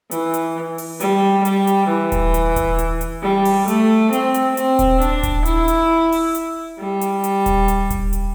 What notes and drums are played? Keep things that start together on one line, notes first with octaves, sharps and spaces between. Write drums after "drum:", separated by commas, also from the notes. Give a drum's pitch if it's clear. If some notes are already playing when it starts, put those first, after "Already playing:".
E3, drum: hi-hat
drum: hi-hat
drum: open hi-hat
G3, drum: hi-hat
G3, drum: hi-hat
drum: hi-hat
E3
drum: kick D#1, hi-hat
drum: hi-hat
drum: kick D#1, hi-hat
drum: hi-hat
drum: hi-hat
G3
drum: open hi-hat
A3, drum: hi-hat
C4, drum: hi-hat
drum: hi-hat
C4, drum: hi-hat
drum: kick D#1, hi-hat
D4, drum: hi-hat
drum: kick D#1, hi-hat
E4, drum: hi-hat
drum: hi-hat
drum: open hi-hat
drum: hi-hat
G3
drum: hi-hat
drum: hi-hat
drum: kick D#1, hi-hat
drum: hi-hat
drum: kick D#1, hi-hat
drum: hi-hat